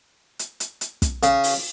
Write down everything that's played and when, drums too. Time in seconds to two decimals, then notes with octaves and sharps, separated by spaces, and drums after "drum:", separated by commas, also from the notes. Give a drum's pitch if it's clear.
0.39 drum: hi-hat
0.60 drum: hi-hat
0.81 drum: hi-hat
1.02 drum: kick, hi-hat
1.23 C#3, drum: hi-hat
1.44 drum: open hi-hat